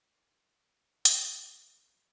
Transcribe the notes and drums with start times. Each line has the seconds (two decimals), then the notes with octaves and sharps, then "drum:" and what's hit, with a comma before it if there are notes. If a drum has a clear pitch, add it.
0.13 A#4 C6 D6 C7 D#7
1.05 F#2 A2 C#3, drum: hi-hat